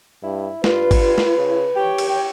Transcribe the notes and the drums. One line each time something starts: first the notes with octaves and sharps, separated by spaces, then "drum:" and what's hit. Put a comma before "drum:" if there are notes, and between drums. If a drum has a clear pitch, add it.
G2 E4
G2 F4 B4, drum: snare
drum: kick, cymbal
drum: snare
C#3
G4 C#5 G5
drum: cymbal